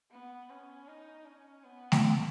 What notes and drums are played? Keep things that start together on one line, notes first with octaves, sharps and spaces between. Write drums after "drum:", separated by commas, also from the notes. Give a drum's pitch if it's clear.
B3
C#4
D#4
C#4
B3
drum: snare A3